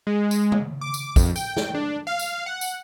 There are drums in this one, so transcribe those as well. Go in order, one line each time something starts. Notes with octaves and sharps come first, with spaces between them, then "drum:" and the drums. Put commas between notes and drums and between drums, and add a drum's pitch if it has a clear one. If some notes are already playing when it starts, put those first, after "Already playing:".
G#3
drum: tambourine
drum: tom C#3
D6
drum: tambourine
F2, drum: kick, tambourine
G5, drum: tambourine
drum: snare
D4
F5
drum: tambourine
F#5
drum: tambourine